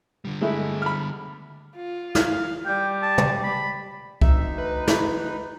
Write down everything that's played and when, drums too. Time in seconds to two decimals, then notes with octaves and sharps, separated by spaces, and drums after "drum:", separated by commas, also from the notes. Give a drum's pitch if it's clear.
0.25 D3 G3
0.41 G#3 A3 E4
0.82 B5 F6
1.76 F4
2.15 F5, drum: snare
2.66 G3 G5
3.03 A5
3.18 drum: tom
3.44 B5
4.21 D2 D#4 E5, drum: kick C2
4.58 B4
4.88 drum: snare